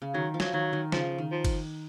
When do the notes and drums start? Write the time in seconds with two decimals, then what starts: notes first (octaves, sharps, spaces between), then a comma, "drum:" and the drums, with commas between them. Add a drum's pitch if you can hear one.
0.02 C#3
0.14 D#3 F#3
0.34 F3
0.40 F#3, drum: snare
0.53 D#3 F#3
0.73 D#3
0.92 C#3 F3, drum: snare
1.18 D#3
1.31 F3
1.45 drum: kick G1, cymbal